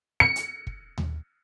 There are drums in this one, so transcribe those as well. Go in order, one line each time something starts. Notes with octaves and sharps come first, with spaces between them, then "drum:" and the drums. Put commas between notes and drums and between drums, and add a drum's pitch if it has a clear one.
C#7
drum: hi-hat
drum: kick
drum: tom D#2